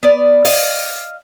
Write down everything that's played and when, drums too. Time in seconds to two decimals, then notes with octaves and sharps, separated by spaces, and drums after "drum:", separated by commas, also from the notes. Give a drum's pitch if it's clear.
0.03 B3 D5
0.45 D#5 F5, drum: open hi-hat